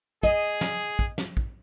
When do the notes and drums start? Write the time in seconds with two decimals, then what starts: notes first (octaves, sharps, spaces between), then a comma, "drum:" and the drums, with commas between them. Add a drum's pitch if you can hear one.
0.23 G#4 D#5, drum: kick
0.61 drum: snare
0.99 drum: kick
1.18 drum: snare
1.37 drum: kick